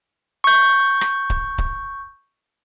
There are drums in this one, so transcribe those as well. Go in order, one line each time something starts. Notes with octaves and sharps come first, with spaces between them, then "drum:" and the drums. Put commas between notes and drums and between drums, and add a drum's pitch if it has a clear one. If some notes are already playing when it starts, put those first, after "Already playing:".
C#6 G6
drum: rim click
drum: kick C#1
drum: kick C#1